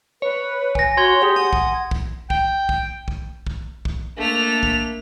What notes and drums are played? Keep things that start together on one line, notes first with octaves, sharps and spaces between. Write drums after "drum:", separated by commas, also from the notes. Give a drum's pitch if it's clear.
B4 C#5
G#5 A#6, drum: kick
F#4 C#5 C6 G#6 G7
G4 G#4
F#5 D#6
drum: kick
drum: kick
G5, drum: kick
drum: kick
drum: kick
drum: kick
drum: kick
A3 A#3 D4 F7
drum: kick